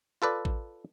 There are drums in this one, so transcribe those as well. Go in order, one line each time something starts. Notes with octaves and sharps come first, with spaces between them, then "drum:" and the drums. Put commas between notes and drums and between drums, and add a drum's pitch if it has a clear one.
F4 A4 B4 D5
drum: kick A1